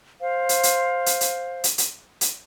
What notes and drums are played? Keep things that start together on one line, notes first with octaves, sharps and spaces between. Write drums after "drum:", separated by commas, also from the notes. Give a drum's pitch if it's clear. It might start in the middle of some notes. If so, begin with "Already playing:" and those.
C5 F5
drum: hi-hat
drum: hi-hat
drum: hi-hat
drum: hi-hat
drum: hi-hat
drum: hi-hat
drum: hi-hat